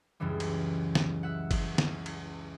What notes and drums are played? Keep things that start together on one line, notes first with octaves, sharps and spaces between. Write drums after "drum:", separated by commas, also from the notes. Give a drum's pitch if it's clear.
C#2 F#2 C#3 E3 G3
drum: cymbal
drum: snare
E5 F#5
drum: kick F#1, cymbal
drum: snare
drum: cymbal